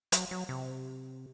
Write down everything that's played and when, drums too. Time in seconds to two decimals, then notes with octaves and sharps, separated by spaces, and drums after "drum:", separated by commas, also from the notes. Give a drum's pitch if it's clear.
0.12 F#3, drum: hi-hat
0.31 F#3
0.49 C3